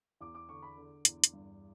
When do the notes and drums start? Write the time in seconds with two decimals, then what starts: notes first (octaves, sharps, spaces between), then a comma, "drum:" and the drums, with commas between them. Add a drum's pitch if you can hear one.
0.20 E2 D6
0.35 D6
0.49 D3 C#6
0.63 B5
0.77 D3
1.05 E2, drum: hi-hat
1.24 drum: hi-hat
1.33 G2